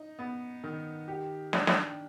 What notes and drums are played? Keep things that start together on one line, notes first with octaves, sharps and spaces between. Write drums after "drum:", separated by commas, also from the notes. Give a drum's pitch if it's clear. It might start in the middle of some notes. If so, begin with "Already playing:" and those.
Already playing: D#4
B3
D#3
G4
D4, drum: snare
drum: snare